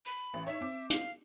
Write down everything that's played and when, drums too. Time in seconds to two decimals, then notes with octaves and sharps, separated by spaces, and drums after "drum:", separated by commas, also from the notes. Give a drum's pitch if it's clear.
0.06 B5
0.34 A1
0.47 D#4 C#5 E5
0.61 C4 D6
0.90 F5, drum: hi-hat